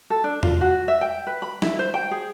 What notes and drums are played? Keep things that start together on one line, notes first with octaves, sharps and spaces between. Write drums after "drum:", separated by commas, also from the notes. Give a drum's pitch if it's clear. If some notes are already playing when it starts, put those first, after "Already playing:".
A4
D4
F4, drum: tom E2
F#4
E5
G5
B4
B5
E4, drum: snare
C5
G5
G#4